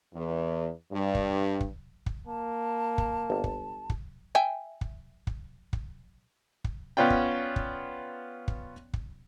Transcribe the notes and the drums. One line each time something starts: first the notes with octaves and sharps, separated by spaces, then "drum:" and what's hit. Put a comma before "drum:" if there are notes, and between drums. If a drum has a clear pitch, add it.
E2
G2
drum: kick
drum: kick
drum: kick
A#3 A5
drum: kick
G1
drum: kick
drum: kick
E5 G5 G#5
drum: kick
drum: kick
drum: kick
drum: kick
B3 C#4 F4 D5 G5
drum: kick
drum: kick
drum: kick
drum: kick